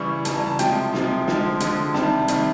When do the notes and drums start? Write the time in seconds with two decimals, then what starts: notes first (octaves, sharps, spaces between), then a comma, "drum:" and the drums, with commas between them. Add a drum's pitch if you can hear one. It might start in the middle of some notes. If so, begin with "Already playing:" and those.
Already playing: C#3 E3 G3 C#6
0.25 C#3 E3 G3 A5, drum: hi-hat
0.37 A#5
0.46 A5
0.59 C3 F3 G#3 G5, drum: hi-hat
0.94 C3 F3 G#3, drum: snare
1.27 D3 F3 G#3, drum: snare
1.60 D3 F3 G#3, drum: hi-hat
1.94 C3 D#3 G3 A5, drum: snare
2.28 C3 D#3 G3, drum: hi-hat